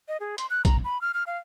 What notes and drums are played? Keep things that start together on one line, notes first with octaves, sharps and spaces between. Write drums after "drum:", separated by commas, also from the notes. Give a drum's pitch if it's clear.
D#5
G#4
C6, drum: hi-hat
F#6
A#5, drum: kick A#1, hi-hat
B5
F6
F6
F5